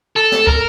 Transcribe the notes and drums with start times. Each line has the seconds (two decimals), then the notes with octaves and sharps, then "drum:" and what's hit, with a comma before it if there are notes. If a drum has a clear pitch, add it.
0.16 A4
0.32 drum: snare
0.47 A#4, drum: kick